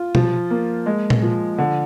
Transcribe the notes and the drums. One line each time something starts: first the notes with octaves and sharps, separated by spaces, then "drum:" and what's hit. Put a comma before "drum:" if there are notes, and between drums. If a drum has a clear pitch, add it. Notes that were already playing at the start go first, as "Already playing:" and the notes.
Already playing: F4
F3, drum: tom B2
A#3
G#3
drum: tom A#2
F3
D3